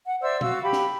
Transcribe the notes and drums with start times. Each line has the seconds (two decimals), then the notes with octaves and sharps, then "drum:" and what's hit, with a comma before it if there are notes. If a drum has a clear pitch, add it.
0.06 F#5
0.22 C5 D5 E5 E6
0.41 F#4 F5 E6, drum: tom A#2
0.64 G4 B5
0.73 drum: snare